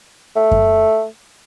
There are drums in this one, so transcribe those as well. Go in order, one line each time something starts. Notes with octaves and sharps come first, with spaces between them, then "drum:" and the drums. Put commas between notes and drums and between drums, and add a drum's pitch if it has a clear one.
A3
drum: kick F#2